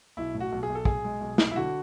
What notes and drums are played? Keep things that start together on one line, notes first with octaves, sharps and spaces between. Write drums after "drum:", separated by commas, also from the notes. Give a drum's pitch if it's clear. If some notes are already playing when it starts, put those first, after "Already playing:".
B1 E4
A2
F#4
B1
G#4
B1
A4
B1 G#4, drum: kick
G#3
B1
B1, drum: snare
E4
D3 F#4